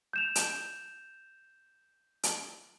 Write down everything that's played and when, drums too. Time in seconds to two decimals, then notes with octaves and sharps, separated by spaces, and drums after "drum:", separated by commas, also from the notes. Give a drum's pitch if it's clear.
0.13 G6 E7 F7
0.35 drum: hi-hat
2.23 drum: hi-hat